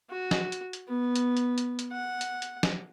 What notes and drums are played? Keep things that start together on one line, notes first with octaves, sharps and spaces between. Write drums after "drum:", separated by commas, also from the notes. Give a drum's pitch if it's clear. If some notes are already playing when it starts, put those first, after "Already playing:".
F#4
drum: snare
drum: hi-hat
drum: hi-hat
B3
drum: hi-hat
drum: hi-hat
drum: hi-hat
drum: hi-hat
F#5
drum: hi-hat
drum: hi-hat
drum: snare